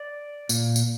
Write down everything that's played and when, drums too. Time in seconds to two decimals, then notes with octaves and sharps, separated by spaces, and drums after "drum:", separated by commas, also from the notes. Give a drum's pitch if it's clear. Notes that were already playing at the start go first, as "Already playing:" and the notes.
Already playing: D5
0.49 A#2, drum: tambourine
0.76 drum: tambourine